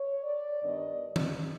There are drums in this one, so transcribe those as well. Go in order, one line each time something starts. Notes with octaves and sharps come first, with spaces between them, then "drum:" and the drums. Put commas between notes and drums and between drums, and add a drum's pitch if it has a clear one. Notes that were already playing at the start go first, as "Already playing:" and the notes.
Already playing: C#5
D5
G2 D#3 G3 B3 D4 D#5
drum: tom D#3